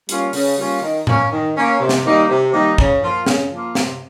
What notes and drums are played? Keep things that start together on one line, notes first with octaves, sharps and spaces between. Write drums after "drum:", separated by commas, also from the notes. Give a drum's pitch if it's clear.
G3 A#3 C#4 F4, drum: hi-hat
C#3, drum: open hi-hat
G3 A#3 C#4 F4
D#3
A#3 C#4, drum: tom G#2
D#3
A#3 C#4
C3
drum: snare
D#3 G3 A#3 D#4
C3
D#3 G3 A#3 D#4
C#3, drum: kick
F3 A#3 F4
C#3, drum: snare
F3 A#3 F4
C3, drum: snare